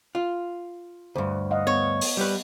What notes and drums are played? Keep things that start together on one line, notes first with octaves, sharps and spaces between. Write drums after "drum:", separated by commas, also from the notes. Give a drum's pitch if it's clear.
F4
D2 G2 C5
D#5 F5 F#5
B3 C#5
drum: open hi-hat
G3 B4